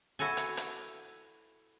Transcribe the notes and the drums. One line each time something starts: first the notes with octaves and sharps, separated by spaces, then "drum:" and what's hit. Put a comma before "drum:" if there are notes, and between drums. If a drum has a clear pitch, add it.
E4 F#4 A4 G#5
drum: hi-hat
drum: hi-hat